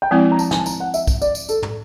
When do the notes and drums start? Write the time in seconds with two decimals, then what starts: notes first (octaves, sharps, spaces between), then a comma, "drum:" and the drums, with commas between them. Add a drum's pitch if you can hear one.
0.02 G5
0.11 F3 G#3 C4 E4 G#5
0.31 A#5
0.39 A5, drum: tambourine
0.51 G#5, drum: snare
0.59 A5
0.66 A#5, drum: tambourine
0.80 F#5
0.94 E5, drum: tambourine
1.07 drum: kick B1, tambourine
1.22 D5, drum: tambourine
1.35 drum: tambourine
1.49 A4, drum: tambourine
1.62 drum: tom